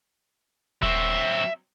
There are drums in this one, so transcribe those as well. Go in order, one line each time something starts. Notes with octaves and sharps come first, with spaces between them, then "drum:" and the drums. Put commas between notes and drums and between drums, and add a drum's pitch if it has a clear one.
F#3 C4 E5, drum: kick D#1